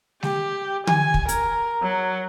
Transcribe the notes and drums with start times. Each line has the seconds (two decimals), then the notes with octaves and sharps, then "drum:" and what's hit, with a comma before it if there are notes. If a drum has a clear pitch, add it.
0.23 G4, drum: snare G#3
0.87 G#5, drum: tom D3
1.14 drum: kick
1.29 A#4, drum: hi-hat
1.83 F#3